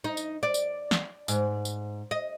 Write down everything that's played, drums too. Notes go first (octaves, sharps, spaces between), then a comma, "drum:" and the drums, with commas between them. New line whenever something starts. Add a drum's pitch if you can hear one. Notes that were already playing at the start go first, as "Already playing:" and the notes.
D#4
drum: tambourine
D5
drum: tambourine
drum: snare
G#2, drum: tambourine
drum: tambourine
D#5